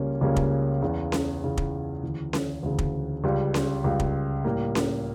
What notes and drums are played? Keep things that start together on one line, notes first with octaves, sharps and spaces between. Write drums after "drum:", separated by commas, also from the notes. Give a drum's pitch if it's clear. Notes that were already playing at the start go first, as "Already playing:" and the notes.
Already playing: C#2 C#3 G3 A#3 C#4
C#2 C#3 G3 A#3 C#4
drum: kick
E2 C#3 E3
drum: snare C#4
E2 C#3 E3
drum: kick
D2 C#3 E3
drum: snare C#4
D2 C#3 E3
drum: kick
C#2 C#3 G3
drum: snare C#4
C#2 C#3 G3
drum: kick
A2 G3 A#3
drum: snare C#4